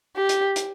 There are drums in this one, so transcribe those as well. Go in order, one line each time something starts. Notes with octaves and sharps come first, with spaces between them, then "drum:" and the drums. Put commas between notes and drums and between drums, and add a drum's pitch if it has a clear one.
G4
drum: hi-hat
drum: hi-hat